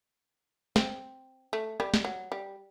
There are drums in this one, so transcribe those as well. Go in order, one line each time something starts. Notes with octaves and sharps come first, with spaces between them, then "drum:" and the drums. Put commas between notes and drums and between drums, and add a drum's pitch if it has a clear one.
C4, drum: snare
A3
G3, drum: rim click
drum: snare
F#3
G3